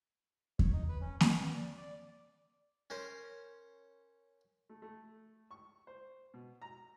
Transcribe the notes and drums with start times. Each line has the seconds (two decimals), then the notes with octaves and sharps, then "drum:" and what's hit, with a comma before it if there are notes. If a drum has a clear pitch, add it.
0.59 C#5, drum: kick E2
0.73 D#4
0.89 B4
1.01 C#4
1.20 D#3, drum: snare A#3
1.37 B3
1.55 D5
1.77 D5
2.90 C#4 A#4 C5
4.69 A3
4.82 A3
5.51 C#6
5.87 C5
6.34 B2
6.62 A#5